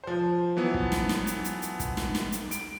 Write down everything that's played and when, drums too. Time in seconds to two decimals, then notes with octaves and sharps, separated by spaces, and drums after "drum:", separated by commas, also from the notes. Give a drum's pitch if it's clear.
0.04 F3 C5
0.57 E3 F#3 B3
0.74 drum: kick
0.92 drum: snare
1.09 drum: snare
1.27 drum: hi-hat
1.44 drum: hi-hat
1.62 drum: hi-hat
1.80 drum: kick, hi-hat
1.97 drum: snare
2.15 drum: snare
2.32 drum: hi-hat
2.51 D7, drum: hi-hat